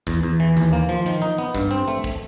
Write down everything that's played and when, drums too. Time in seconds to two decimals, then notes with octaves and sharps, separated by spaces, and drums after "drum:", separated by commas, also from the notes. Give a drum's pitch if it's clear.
0.07 E2, drum: kick, hi-hat
0.23 E2
0.40 E3
0.57 D#2, drum: hi-hat
0.73 A#3
0.89 F3
1.06 D#3, drum: hi-hat
1.22 D#4
1.38 B3
1.55 G2, drum: kick, hi-hat
1.71 C4
1.88 A3
2.04 drum: kick, hi-hat